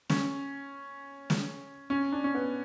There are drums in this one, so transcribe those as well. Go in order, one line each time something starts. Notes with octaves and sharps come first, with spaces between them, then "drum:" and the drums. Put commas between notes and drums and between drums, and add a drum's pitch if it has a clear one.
C#4, drum: snare
drum: snare
C#4
D4
C#4
B3